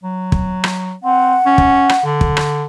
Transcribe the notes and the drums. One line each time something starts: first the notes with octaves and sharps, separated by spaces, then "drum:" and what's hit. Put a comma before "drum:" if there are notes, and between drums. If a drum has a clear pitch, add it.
F#3
drum: kick
drum: rim click
C4 F#5
C#4
drum: kick
drum: rim click
D3
drum: kick
drum: rim click